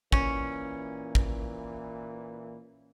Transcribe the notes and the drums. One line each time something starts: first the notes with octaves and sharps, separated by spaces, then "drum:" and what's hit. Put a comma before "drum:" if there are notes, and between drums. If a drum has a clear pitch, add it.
A#2 E3 C#4, drum: kick
drum: kick